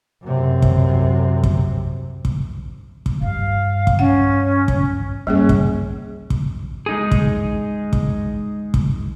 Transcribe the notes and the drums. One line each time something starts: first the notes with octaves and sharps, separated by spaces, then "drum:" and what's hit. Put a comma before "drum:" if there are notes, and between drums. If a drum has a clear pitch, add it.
F#2 C3
drum: kick
drum: kick
drum: kick
drum: kick
G2 F5
drum: kick
C#4 F#5
drum: kick
G2 G3 A#3 C#4 G#4
drum: kick
drum: kick
G#3 D#4 G#4
drum: kick
drum: kick
drum: kick